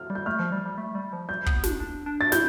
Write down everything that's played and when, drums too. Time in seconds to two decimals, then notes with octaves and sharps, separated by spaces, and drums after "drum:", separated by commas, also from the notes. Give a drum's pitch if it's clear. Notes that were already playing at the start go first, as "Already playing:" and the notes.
Already playing: F6
0.10 G3
0.15 G6
0.26 A3 F6
0.39 F3
0.52 G3
0.66 G3
0.78 A3
0.95 G3
1.13 F3
1.29 G3 G6
1.46 B3, drum: kick
1.64 D4, drum: snare
1.80 D4
2.06 D4
2.21 A6
2.32 E4 G6, drum: snare